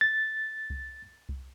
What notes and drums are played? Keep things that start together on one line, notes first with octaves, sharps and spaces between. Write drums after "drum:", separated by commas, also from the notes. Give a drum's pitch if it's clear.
A6
drum: kick C2
drum: kick C2